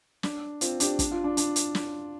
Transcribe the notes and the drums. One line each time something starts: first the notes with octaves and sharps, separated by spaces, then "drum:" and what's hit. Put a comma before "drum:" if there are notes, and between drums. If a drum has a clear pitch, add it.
D4, drum: snare
C4 F4, drum: hi-hat
D4 G4, drum: hi-hat
D4, drum: kick, hi-hat
F4
D4
D4, drum: hi-hat
drum: hi-hat
drum: snare